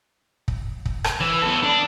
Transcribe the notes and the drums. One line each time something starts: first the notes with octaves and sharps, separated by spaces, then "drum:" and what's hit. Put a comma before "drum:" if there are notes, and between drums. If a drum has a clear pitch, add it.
drum: kick
drum: kick
drum: rim click
E3
B3 A4
D4